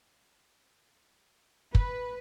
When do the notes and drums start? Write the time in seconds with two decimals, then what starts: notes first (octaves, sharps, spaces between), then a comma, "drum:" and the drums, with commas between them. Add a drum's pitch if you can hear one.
1.75 B4, drum: kick